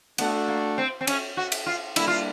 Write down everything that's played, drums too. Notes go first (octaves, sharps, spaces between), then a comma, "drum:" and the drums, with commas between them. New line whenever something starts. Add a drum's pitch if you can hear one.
A3 B3 D4 F#4 A4, drum: cymbal
A#3
C4
C4
C#4, drum: cymbal
F#4
drum: cymbal
F4
G3 A#3 D4 E4, drum: cymbal
F4